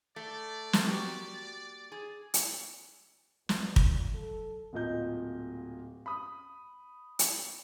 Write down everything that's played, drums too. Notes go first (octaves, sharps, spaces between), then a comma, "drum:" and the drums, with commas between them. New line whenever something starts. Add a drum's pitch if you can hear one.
A3 D5
drum: snare
A#3 F#4 G4
G#4
drum: hi-hat
A#2 F#3 G3, drum: snare
drum: kick
A4
D1 A#2 D#5 G6
B5 D#6
drum: hi-hat